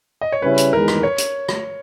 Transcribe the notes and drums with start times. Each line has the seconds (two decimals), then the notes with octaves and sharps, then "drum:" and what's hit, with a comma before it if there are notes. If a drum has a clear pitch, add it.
0.21 D#5
0.32 C#5
0.42 C#3 G3 C#4 E4 B4
0.58 drum: hi-hat
0.73 E2 D#3 G#3 A#4
0.88 drum: rim click
1.03 C#5
1.18 drum: hi-hat
1.49 drum: rim click